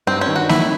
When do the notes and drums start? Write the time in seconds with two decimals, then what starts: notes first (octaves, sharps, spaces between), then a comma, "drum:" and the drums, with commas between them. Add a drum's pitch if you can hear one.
0.07 G2 C4
0.21 C#4
0.28 D#3
0.36 F#4
0.49 D#3 E4, drum: snare A#3